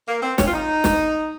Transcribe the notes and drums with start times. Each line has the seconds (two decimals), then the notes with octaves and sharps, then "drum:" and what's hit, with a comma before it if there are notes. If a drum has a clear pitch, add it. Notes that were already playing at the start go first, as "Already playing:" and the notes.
0.08 A#3
0.23 C4
0.38 C#4, drum: snare
0.47 F4
0.54 D#4
0.84 drum: snare